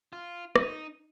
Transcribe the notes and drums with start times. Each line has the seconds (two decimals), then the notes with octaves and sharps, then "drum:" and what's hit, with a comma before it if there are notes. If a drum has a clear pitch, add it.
0.13 F4
0.56 D#4, drum: rim click